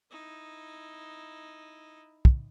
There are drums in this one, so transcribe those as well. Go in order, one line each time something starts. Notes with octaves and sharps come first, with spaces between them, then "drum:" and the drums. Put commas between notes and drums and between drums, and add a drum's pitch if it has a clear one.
D#4 E4
drum: kick